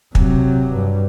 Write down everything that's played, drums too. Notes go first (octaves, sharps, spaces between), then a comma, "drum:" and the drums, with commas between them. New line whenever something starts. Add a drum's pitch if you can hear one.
C3 F#3, drum: kick
G2